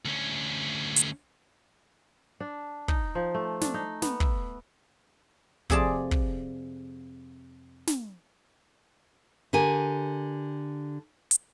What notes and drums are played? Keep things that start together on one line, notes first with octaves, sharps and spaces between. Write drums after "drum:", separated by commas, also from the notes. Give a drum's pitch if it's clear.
D2 C#4
drum: hi-hat
D4
D#4, drum: kick
F3
A3
D4, drum: snare
D#4
B3, drum: snare
E5, drum: kick
F2 C3 G#4 D5 A5, drum: kick
drum: kick
drum: snare
D3 G4 A#4 G#5
drum: hi-hat